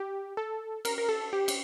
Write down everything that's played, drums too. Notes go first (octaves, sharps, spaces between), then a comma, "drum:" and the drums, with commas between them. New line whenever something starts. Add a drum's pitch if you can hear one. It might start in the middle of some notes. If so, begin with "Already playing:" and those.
Already playing: G4
A4
A#4, drum: cymbal
A#4
A4
G4
drum: cymbal